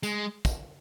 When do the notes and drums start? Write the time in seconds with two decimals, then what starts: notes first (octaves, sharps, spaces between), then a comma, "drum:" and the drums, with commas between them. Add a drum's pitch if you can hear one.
0.03 G#3, drum: tambourine
0.45 drum: kick, tambourine